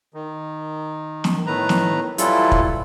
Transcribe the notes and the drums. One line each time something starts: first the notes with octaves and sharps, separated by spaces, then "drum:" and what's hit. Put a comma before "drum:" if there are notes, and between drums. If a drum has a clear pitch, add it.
D#3
drum: snare
A2 D#3 B4 A#5
drum: snare
E3 F#3 G3 E4 F4 A4, drum: hi-hat
drum: kick